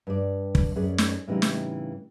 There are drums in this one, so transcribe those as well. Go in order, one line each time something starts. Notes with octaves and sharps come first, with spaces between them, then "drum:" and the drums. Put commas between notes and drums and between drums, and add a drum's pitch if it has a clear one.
G2 D5
drum: kick
F#2 C#4 G#4 B4 D5
drum: snare
A2 C#3 E3 G3 C4 D#4
drum: snare